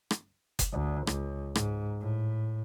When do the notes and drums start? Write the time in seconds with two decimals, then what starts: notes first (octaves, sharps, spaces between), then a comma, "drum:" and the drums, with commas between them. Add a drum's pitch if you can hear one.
0.11 drum: rim click
0.59 drum: kick F#1, hi-hat
0.73 D2
1.07 C#2, drum: rim click
1.55 G#2, drum: rim click
2.01 A2